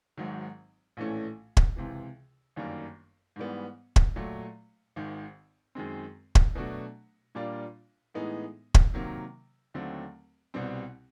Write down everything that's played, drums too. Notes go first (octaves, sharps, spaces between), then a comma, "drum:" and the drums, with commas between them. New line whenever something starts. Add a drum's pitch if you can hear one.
G#1 G#2 D#3 F#3
A#1 A2 E3 A3 C#4
drum: kick
C#2 C3 E3
G1 F#2 D#3 G3 A#3
G#2 E3 G3 B3
drum: kick
A#2 F#3 A3
G#1 G#2 D#3
F#2 D#3 G#3 C4
drum: kick
B2 F#3 A3 D4 F#4
A#2 G3 A#3 D4 F4
A2 E3 G#3 B3 D#4
drum: kick
C3 D#3 F#3 A#3
D#2 D3 F#3 A3 C4
C2 B2 G3 C4